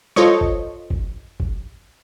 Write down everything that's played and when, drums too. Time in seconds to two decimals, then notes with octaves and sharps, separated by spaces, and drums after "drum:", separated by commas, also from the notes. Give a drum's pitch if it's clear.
0.16 F4 A4 C5 C#5 D#5 C#6, drum: snare G#3
0.41 drum: kick
0.90 drum: kick
1.40 drum: kick